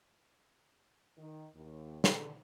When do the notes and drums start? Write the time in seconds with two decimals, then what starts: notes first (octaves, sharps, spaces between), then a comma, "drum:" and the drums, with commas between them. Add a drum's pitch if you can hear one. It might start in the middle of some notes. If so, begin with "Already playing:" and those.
1.18 D#3
1.55 D#2
2.04 D3, drum: snare